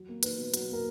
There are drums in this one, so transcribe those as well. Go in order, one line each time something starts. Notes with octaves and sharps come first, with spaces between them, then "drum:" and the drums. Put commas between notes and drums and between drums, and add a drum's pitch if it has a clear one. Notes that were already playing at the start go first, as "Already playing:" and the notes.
Already playing: F#3
A#3
D#4 B4, drum: hi-hat
B2
F#3, drum: hi-hat
A#3 A#4